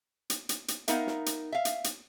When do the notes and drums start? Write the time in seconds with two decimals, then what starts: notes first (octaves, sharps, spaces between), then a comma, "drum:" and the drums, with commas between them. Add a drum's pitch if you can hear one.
0.30 drum: hi-hat
0.49 drum: hi-hat
0.68 drum: hi-hat
0.88 B3 D#4 A#4 E5 F5, drum: hi-hat
1.07 drum: snare
1.26 drum: hi-hat
1.52 E5 F5
1.65 drum: hi-hat
1.84 drum: hi-hat